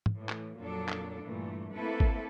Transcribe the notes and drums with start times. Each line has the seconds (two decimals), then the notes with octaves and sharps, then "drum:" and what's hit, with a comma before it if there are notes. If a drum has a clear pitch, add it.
0.06 drum: tom
0.19 A2 E3
0.29 drum: clap
0.57 F2 A#2 F#3 A#3 D4 A4
0.89 drum: clap
1.24 G2 A#2 E3 A3
1.75 A3 A#3 C4 E4 A4 B4
2.00 drum: kick G#1